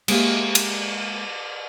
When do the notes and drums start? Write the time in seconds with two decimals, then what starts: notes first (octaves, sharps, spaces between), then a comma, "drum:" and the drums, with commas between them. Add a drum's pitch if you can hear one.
0.08 G#3 A#3 G4 E5, drum: cymbal
0.55 drum: cymbal